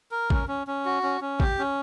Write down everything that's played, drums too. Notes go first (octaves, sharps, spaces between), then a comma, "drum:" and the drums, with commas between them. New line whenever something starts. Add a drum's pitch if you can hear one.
A#4
C#4, drum: kick A1
C#4
C#4
F#4
C#4
C#4
G4, drum: kick A1
C#4